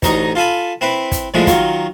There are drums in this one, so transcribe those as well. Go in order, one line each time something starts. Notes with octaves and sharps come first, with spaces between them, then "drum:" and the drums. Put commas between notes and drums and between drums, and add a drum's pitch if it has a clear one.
A1 D2 D#4 D#5 A#5 C#6, drum: kick, hi-hat
F4 A4 G#5 B5
C4 E4 B4
drum: kick, hi-hat
A2 D3 F3 G#3 E4
D#3 F#3 F4 C#5, drum: kick, hi-hat